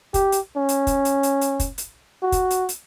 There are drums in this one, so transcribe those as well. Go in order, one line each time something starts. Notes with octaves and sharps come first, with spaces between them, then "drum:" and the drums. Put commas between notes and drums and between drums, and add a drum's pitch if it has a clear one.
G4, drum: kick, hi-hat
drum: hi-hat
C#4
drum: hi-hat
drum: kick, hi-hat
drum: hi-hat
drum: hi-hat
drum: hi-hat
drum: kick, hi-hat
drum: hi-hat
F#4
drum: kick, hi-hat
drum: hi-hat
drum: hi-hat